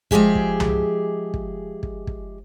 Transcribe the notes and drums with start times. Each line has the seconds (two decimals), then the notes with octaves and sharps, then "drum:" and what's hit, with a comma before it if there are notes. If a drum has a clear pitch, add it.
0.11 F3 G#3 G4 G#4 E5, drum: kick
0.35 drum: kick
0.60 drum: tom C2
1.34 drum: kick
1.83 drum: kick
2.07 drum: kick